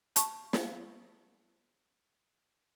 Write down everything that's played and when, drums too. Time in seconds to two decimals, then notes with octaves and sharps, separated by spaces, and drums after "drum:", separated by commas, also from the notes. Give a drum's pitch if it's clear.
0.16 A5 C#6, drum: hi-hat
0.53 drum: snare